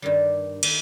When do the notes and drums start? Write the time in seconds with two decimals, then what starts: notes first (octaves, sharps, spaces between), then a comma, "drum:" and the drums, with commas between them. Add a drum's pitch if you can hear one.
0.02 G2 D#3 G3
0.63 D#3 A#3 E4, drum: cymbal